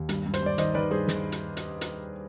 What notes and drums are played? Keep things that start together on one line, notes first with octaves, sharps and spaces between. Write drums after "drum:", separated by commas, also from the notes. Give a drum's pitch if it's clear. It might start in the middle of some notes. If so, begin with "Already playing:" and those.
Already playing: D#2
G2, drum: hi-hat
G2
C5, drum: hi-hat
G2 D5
D#3 C5 D#5, drum: hi-hat
D#3 B4 D5
G2 G#4 C5
drum: snare
drum: hi-hat
drum: hi-hat
drum: hi-hat